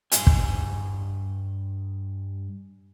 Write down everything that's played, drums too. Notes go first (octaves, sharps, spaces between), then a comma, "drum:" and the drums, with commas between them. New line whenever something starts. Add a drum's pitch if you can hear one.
G2 D#5 G#5, drum: hi-hat
drum: kick